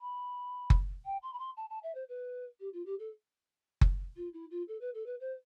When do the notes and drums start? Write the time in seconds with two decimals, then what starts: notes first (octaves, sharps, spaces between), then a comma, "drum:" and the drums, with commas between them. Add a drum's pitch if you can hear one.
0.01 B5
0.70 drum: kick F#1
1.05 G5
1.23 C6
1.33 B5
1.39 C6
1.57 A5
1.70 A5
1.83 E5
1.95 C5
2.09 B4
2.60 G4
2.73 F4
2.86 G4
2.99 A4
3.81 drum: kick F#1
4.16 F4
4.33 E4
4.51 F4
4.68 A4
4.81 B4
4.94 A4
5.06 B4
5.20 C5